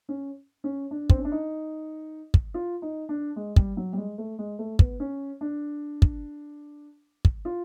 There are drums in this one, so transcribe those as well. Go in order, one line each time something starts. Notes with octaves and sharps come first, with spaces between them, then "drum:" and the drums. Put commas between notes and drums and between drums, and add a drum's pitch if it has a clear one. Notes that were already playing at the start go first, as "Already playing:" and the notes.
C#4
C#4
D4
C4, drum: kick
C#4
D4
D#4
drum: kick
F4
D#4
D4
G#3
G3, drum: kick
F#3
G3
G#3
A3
G#3
A3
B3, drum: kick
C#4
D4
drum: kick
drum: kick
F4